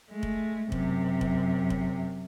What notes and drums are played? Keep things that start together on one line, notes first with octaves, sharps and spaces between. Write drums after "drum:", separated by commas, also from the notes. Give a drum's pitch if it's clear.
G#3 A3
drum: kick F1
F#2 C3, drum: kick F1
drum: kick F1
drum: kick F1